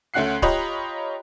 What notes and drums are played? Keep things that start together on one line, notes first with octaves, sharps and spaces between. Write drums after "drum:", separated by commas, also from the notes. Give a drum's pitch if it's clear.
D2 A3 C#4 F#5 F#6 C7
F4 G4 C#5 D#5 A#5 B5, drum: kick C#1